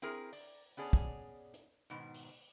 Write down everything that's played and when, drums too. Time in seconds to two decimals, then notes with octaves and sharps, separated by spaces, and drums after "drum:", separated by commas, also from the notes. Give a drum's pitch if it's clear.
0.02 C4 E4 G#4 A#4
0.33 D5, drum: open hi-hat
0.77 B3 C#4 G#4 D5 A5
0.93 drum: kick, hi-hat
1.54 drum: hi-hat
1.90 G#2 B2 D#3
2.14 drum: open hi-hat